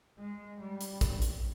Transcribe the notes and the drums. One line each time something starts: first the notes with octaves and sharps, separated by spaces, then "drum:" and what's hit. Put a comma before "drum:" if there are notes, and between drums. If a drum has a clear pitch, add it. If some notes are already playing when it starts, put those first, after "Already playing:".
G#3
G3
drum: hi-hat
drum: kick A#1, hi-hat
drum: hi-hat